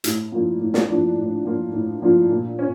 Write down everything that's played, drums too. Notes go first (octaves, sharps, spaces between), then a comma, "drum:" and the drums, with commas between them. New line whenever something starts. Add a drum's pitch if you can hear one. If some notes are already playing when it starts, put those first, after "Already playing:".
A2, drum: hi-hat
F3 A#3 D4 F4
A2
drum: snare
F3 A#3 D4 F4
A2
F3 A#3 D4 F4
A2
F3 A#3 D4 F4
A#2
C#4